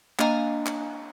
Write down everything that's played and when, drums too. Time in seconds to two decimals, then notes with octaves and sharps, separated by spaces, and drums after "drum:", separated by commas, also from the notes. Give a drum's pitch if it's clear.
0.19 A#3 D4 D#5 F5 G#5 A#5, drum: clap
0.66 drum: clap